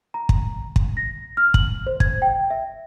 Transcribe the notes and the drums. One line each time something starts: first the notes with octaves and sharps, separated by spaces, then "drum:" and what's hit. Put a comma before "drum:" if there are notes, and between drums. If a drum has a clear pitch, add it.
A#5
drum: kick
drum: kick
A#6
F6
F#7, drum: kick
C5
G#6, drum: kick
G5
E5